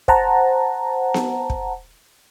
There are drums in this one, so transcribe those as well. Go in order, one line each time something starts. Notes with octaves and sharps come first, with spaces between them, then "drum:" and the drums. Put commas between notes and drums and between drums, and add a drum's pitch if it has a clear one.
C5 F#5 A5 A#5, drum: kick
drum: snare B3
drum: kick